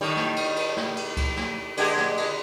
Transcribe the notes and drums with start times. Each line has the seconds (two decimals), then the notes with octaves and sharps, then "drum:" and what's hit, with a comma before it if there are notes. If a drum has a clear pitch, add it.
0.01 A2 D#3 G3
0.16 drum: snare
0.36 drum: cymbal
0.57 drum: cymbal
0.77 drum: snare
0.97 drum: cymbal
1.17 drum: kick C#2, cymbal
1.37 drum: snare
1.77 D3 G#3 G4, drum: cymbal
1.97 drum: snare
2.17 drum: cymbal